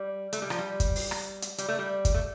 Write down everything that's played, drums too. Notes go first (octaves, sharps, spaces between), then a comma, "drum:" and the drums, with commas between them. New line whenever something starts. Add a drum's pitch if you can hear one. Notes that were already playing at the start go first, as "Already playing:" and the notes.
Already playing: G3
A3, drum: hi-hat
G3
F3, drum: rim click
G3
drum: kick, hi-hat
drum: open hi-hat
drum: rim click
drum: hi-hat
G3, drum: hi-hat
A3
G3
drum: kick, hi-hat
A3